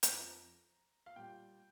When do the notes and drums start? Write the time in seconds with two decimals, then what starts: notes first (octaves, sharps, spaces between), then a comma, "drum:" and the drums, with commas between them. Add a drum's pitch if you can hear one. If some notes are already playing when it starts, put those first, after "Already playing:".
0.03 F2 F3 A#5, drum: hi-hat
1.06 F5
1.16 A#2 G3 G5